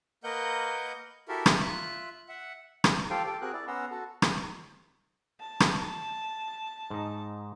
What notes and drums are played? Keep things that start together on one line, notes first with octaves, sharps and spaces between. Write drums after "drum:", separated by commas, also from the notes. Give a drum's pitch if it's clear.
A#3 A#4 B4 D#5 F#5 G6
E4 F#4 G4 A4 A#4 E5
drum: rim click
F4 E5 F#6
E5 F#5
drum: rim click
F4 G4 A4 C5 F5 G5
G4 A4 G5
C4 F#4 G#4 A#4 F#6
E4 D5
B3 C#4 F#5 A#5 C6 E6
F#4 A4
drum: rim click
A5
drum: rim click
G#2 D#4